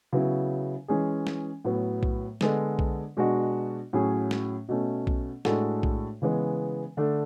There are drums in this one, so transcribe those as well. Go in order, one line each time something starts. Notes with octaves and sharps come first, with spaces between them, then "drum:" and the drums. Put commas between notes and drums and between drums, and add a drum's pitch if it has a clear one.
C#3 F#3 B3 E4
E3 G#3 C#4 G#4
drum: snare
A2 F#3 B3
drum: kick B1
D3 G#3 B3 D4 A4, drum: snare
drum: kick B1
B2 G#3 D4 F#4
A2 F#3 C#4 G#4
drum: snare
B2 A3 C#4
drum: kick B1
A2 G#3 D4 F#4 A4, drum: snare
drum: kick B1
C#3 E3 G#3 B3
D3 A3 D4 A4